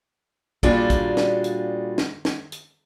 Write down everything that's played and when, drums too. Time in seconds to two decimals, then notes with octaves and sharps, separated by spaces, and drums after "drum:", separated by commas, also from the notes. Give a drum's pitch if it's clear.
0.63 A#2 G3 D4 F4 F#4 G#4, drum: kick
0.90 drum: kick, hi-hat
1.17 drum: snare
1.44 drum: hi-hat
1.98 drum: snare
2.25 drum: snare
2.52 drum: hi-hat